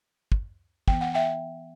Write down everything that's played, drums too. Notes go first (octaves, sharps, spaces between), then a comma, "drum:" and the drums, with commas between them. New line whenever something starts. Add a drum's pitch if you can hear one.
drum: kick
E3 B3 G5, drum: kick
F#5
E5 G5